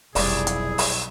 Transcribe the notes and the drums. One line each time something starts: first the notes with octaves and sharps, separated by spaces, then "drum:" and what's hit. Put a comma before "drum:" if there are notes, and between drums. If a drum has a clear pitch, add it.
F1 B1 G3 E4 G#4 D5, drum: open hi-hat
drum: hi-hat
drum: open hi-hat